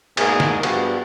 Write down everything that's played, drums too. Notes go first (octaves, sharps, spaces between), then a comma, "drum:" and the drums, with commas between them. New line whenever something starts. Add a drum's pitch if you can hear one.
G#2 B2 A#3 G#4 A#4, drum: cymbal
drum: snare
G2 F3 B3 F#4 G4, drum: cymbal